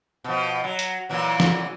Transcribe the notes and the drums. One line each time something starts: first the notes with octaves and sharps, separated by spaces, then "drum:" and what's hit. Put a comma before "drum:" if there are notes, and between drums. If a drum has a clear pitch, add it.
B2 F3
F#3
drum: hi-hat
A#2 E3 F#3
drum: snare